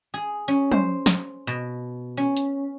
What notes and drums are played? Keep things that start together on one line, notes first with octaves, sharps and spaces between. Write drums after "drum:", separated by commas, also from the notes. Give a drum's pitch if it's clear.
G#4
C#4
C5, drum: tom
drum: snare
B2
C#4
drum: hi-hat